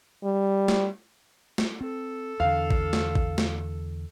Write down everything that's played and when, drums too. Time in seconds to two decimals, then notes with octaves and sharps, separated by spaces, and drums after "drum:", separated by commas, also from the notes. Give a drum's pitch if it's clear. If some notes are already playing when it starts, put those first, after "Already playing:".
0.24 G3
0.68 drum: snare
1.58 drum: snare
1.81 C4 A4
2.40 E2 D3 F5
2.71 drum: kick A1
2.93 drum: snare
3.15 drum: kick A1
3.38 drum: snare